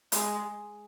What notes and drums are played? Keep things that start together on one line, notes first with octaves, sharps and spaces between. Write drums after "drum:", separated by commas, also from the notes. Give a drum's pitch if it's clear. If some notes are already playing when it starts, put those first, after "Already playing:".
G#3, drum: hi-hat